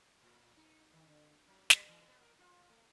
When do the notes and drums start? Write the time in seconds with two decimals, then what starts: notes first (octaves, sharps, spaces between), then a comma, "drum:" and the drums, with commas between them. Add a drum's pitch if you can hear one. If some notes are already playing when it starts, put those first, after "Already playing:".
0.22 A2
0.57 D#4
0.93 D#3
1.08 D3
1.47 F#3
1.70 G3, drum: snare
1.88 E3
2.08 B3
2.21 A#4
2.39 F4
2.70 A3